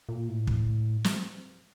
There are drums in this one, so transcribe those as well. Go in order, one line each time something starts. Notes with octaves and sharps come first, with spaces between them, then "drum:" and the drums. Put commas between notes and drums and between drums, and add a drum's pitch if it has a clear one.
A#2
A2
drum: kick
drum: snare